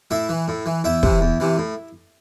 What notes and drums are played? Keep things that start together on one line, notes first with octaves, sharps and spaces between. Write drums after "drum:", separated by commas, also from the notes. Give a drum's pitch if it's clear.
A2 E4 E5
E3
A2
E3
E2 E4 E5
C3 E3, drum: kick
E2
C3 E3
A2